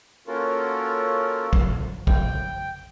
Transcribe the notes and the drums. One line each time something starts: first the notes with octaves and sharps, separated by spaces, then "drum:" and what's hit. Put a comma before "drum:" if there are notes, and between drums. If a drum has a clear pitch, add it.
A#3 C#4 F4 F#4 A4 A#4
drum: kick
G5, drum: kick